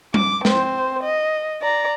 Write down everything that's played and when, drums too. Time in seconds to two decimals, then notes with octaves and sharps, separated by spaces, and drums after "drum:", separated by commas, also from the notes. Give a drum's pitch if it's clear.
0.14 D6, drum: tom G3
0.45 C4 C5, drum: snare
1.03 D#5
1.62 D5 A#5